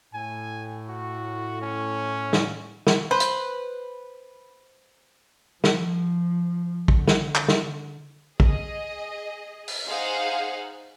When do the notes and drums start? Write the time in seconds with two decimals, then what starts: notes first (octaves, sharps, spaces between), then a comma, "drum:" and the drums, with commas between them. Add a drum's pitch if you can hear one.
0.14 A2 G#5
0.89 F#4
1.62 C#4
2.33 drum: snare
2.87 drum: snare
3.11 B4 C5
3.20 drum: hi-hat
5.64 F3, drum: snare
6.88 D3, drum: kick
7.08 drum: snare
7.35 drum: clap
7.48 drum: snare
8.40 G#4 D#5, drum: kick
9.68 drum: open hi-hat
9.86 D#4 G#4 C5 F5 F#5